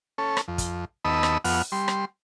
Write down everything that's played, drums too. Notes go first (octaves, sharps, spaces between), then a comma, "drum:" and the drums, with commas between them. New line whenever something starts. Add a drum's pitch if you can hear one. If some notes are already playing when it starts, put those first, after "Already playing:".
C#4 A4
drum: rim click
F2
drum: kick, hi-hat
D#2 B3 D#5 A5 B5 E6
drum: rim click
F2 B3 F#5 F6, drum: open hi-hat
G3 C6
drum: rim click